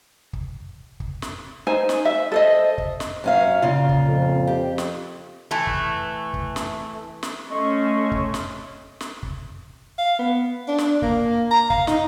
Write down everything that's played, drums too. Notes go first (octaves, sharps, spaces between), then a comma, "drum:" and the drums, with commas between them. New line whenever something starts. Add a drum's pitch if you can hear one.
drum: kick
drum: kick
drum: snare
D#4 C5 G#5
drum: snare
E5
A4 C5 D#5
drum: kick
drum: snare
F#2 C#4 F5
A#2 C#3 F4
drum: kick
F2
G4
drum: snare
E3 A3
drum: kick
drum: kick
drum: snare
drum: snare
A3 C#4 D#5 C6 C#6
drum: kick
drum: snare
drum: snare
drum: kick
F5
B3
D4
drum: snare
A#3, drum: kick
A#5
F5, drum: kick
D#4, drum: snare